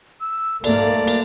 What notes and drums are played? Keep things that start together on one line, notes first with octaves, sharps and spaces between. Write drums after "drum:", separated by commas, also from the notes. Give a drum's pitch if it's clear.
E6
G#2 A3 A#3 D5, drum: cymbal
drum: cymbal